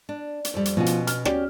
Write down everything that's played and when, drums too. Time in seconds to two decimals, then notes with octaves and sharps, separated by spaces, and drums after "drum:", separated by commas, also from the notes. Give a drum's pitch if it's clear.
0.09 D4
0.45 drum: hi-hat
0.54 F2 G3
0.65 drum: hi-hat
0.77 B2 F3 C#4 F4 F#4
0.86 drum: hi-hat
1.07 F6, drum: hi-hat
1.25 C#4 F#4 G4 D5, drum: rim click